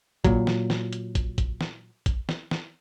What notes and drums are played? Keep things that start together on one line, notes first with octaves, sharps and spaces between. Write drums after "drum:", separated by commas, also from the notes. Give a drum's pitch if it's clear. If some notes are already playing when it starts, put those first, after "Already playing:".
A#2 F#3, drum: kick, hi-hat
drum: snare
drum: snare
drum: hi-hat
drum: kick, hi-hat
drum: kick, hi-hat
drum: snare
drum: kick, hi-hat
drum: snare
drum: snare